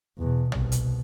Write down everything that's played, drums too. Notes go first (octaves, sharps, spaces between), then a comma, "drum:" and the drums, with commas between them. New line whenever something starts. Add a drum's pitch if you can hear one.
E2 B2
C2 B2, drum: tom
drum: hi-hat